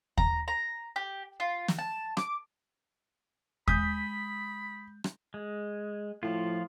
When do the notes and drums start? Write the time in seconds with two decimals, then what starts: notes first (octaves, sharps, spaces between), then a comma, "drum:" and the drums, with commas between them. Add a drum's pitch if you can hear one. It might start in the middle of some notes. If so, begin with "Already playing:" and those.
0.18 A#5, drum: kick D#2
0.48 A#5
0.96 G4
1.40 F4
1.68 drum: snare
1.79 A5
2.17 D6, drum: rim click
3.68 G#3 B5 D#6 G6 B6, drum: kick D#2
5.04 drum: rim click
5.34 G#3
6.23 A2 F3 F4